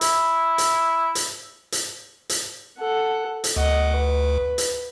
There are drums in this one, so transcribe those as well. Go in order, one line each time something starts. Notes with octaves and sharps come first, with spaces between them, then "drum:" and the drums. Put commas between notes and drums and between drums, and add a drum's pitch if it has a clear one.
E4, drum: hi-hat
drum: hi-hat
drum: hi-hat
drum: hi-hat
drum: hi-hat
A4 F#5
drum: hi-hat
D2 D#5 F#5
B4
drum: hi-hat